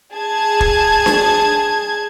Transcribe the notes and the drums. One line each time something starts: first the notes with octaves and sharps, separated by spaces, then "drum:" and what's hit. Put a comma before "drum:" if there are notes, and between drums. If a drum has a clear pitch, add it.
G#4 A5 G#6
drum: kick
drum: snare D4